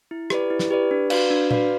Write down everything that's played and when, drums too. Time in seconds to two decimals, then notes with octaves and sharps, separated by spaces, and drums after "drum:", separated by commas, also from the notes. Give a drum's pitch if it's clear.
0.11 E4
0.30 G4 B4 D5, drum: rim click
0.50 E4
0.59 drum: snare
0.71 G4 B4 D5
0.91 D4
1.10 F#4 B4 D5 F5, drum: cymbal
1.30 D4
1.51 F#4 B4 D5 F5, drum: tom A#2